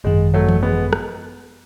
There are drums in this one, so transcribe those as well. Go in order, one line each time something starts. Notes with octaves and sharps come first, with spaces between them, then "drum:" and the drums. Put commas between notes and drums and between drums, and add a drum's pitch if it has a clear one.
G#1 F#2 D#3 G#3
F#3 A3
drum: tom E3
G#3 B3
drum: rim click